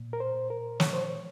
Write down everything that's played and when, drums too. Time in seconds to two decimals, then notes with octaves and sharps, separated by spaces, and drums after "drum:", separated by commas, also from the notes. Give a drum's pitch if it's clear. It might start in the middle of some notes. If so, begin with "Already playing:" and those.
Already playing: A#2
0.13 A#4
0.20 C5
0.35 A#2
0.50 A#4
0.80 F3 C#5, drum: snare
0.93 C5
1.02 C#5